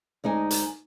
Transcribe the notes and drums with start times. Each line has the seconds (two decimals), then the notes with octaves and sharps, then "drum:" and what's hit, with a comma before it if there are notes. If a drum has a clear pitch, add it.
0.24 D2 G#3 D#4 G#5
0.50 drum: hi-hat